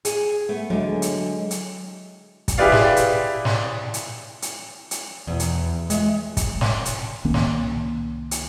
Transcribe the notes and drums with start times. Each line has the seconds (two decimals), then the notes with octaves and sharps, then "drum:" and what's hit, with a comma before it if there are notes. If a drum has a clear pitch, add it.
0.05 G#4, drum: hi-hat
0.49 A3 B3
0.70 D3 F#3 G#3
1.02 drum: hi-hat
1.51 drum: hi-hat
2.48 drum: kick, hi-hat
2.58 E4 G4 G#4 B4 D5 F5
2.72 drum: snare
2.96 drum: hi-hat
3.45 drum: snare
3.94 drum: hi-hat
4.42 drum: hi-hat
4.91 drum: hi-hat
5.27 E2 B2
5.40 drum: hi-hat
5.90 G#3 E5, drum: hi-hat
6.37 drum: kick, hi-hat
6.61 drum: snare
6.85 drum: hi-hat
7.25 C2 D#3 A#3 C#4
7.34 drum: snare
8.31 drum: hi-hat